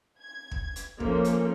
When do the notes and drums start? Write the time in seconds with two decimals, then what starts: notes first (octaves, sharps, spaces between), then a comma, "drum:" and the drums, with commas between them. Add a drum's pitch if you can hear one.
0.22 G#6
0.51 drum: kick
0.76 drum: hi-hat
1.00 F3 A3 A#3 C#4 C5, drum: kick
1.24 drum: hi-hat